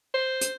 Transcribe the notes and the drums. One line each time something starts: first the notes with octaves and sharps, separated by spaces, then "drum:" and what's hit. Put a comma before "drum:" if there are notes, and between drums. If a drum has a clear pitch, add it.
C5
drum: hi-hat